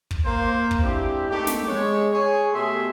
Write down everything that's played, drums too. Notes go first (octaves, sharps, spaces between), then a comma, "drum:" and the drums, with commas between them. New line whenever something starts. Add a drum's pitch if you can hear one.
drum: kick
A#3 C5
drum: kick
G#3 C4 D4 E4 G4
A3 A#3 D#4 G4
drum: snare
G#3 C#5
G#4 C#5 G#5
B2 A3 G4 G#4 E5 C6